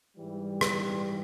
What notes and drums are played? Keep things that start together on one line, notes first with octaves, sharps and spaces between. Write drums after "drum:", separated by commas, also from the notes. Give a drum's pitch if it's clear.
G#2 E3 G3
drum: rim click